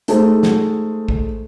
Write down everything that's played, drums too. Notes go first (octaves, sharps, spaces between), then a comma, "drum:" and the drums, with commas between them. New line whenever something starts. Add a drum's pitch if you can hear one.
G#3 A3 D#4 G#4 A4 C5, drum: hi-hat
drum: snare
drum: kick